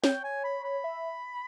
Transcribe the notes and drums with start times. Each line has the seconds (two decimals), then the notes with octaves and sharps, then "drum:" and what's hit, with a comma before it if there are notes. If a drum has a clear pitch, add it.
0.04 C#5 G5, drum: snare
0.24 G#5
0.44 B5
0.64 B5
0.84 E5